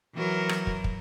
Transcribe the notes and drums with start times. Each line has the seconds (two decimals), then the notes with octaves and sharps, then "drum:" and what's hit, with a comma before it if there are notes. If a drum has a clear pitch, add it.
0.14 E3 F#3 A#4
0.49 drum: rim click
0.67 drum: kick
0.84 drum: kick